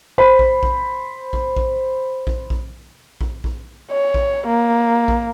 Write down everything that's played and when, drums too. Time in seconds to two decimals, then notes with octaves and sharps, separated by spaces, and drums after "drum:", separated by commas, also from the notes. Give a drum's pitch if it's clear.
0.18 C5 B5
0.39 drum: kick A#1
0.63 drum: kick A#1
1.33 drum: kick A#1
1.56 drum: kick A#1
2.27 drum: kick A#1
2.50 drum: kick A#1
3.21 drum: kick A#1
3.44 drum: kick A#1
3.91 C#5
4.14 drum: kick A#1
4.46 A#3
5.08 drum: kick A#1